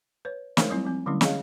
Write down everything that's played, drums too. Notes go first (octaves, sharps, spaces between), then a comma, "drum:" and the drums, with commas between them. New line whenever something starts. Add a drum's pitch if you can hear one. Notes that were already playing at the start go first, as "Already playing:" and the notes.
B4 C#5
G#3 A3 D#4 A#4 C5 C#5, drum: snare
F#3 G3 C4 E4
F3 C4
D3 F#3 G3 A3 C#4 E4
C#4 G#4 C#5 D#5 F5, drum: snare